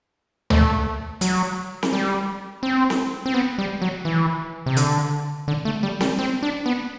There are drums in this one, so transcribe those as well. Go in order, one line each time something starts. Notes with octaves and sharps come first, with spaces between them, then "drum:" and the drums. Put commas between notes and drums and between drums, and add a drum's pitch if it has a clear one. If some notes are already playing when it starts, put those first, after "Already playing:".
A3, drum: tom D2
F#3, drum: hi-hat
drum: snare C4
G3
C4
drum: snare C4
C4
B3
G3
F#3
E3
C3
D3, drum: hi-hat
D3
A3
G3
G3, drum: snare C4
C4
D4
B3